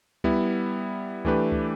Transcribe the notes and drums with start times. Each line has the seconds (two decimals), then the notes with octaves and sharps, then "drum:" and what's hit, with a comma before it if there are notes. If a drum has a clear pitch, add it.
0.24 G3 B3 E4, drum: kick C#2
1.25 E3 A3 D4 G4 B4, drum: kick C#2
1.52 drum: kick C#2